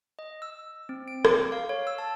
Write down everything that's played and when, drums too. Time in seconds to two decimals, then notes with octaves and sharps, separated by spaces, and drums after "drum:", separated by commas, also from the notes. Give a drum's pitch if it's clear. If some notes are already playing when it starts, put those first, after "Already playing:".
0.19 D#5
0.42 E6
0.89 C4
1.08 D7
1.25 D6, drum: rim click
1.52 F5
1.69 C#5
1.87 E6
1.98 A5